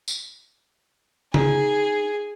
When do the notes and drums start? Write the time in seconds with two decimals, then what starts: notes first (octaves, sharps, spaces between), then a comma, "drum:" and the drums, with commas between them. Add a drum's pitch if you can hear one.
0.08 drum: tambourine
1.34 D#4 G#4, drum: tom